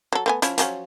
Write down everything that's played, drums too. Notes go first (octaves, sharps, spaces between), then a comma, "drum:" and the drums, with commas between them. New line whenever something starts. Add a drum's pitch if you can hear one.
F#3 A4
A3 B3 G#5
F3 C#4 E4, drum: hi-hat
F3 F#3 C#4, drum: hi-hat